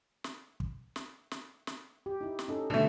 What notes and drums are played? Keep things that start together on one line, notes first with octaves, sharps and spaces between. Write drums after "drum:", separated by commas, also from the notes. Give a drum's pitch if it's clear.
drum: snare
drum: kick
drum: snare
drum: snare
drum: snare
G4
D#4 E4
drum: snare
C#4 D#4 A4
B2 D3 A3 B3 C4